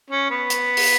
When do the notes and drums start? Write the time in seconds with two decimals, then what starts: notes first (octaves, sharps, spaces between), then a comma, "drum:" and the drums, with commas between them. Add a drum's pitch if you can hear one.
0.10 C#4
0.30 B3
0.50 drum: hi-hat
0.77 drum: open hi-hat